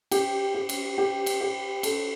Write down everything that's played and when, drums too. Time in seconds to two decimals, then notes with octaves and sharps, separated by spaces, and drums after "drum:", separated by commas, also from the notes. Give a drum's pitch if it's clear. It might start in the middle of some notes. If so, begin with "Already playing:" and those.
0.11 G4, drum: cymbal
0.55 G4
0.69 drum: cymbal
0.98 G4
1.26 drum: cymbal
1.41 G4
1.83 A4, drum: cymbal